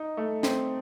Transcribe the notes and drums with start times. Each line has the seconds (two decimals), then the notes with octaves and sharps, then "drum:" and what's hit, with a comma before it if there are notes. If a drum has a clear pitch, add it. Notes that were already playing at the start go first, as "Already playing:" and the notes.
Already playing: D#4
0.17 A3
0.43 C4, drum: snare